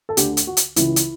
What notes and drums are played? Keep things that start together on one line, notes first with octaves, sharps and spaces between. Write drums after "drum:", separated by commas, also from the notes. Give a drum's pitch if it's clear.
A4
D2 D3 G4, drum: hi-hat
drum: hi-hat
F#4
drum: hi-hat
C#2 C#3 E3 E4, drum: hi-hat
drum: hi-hat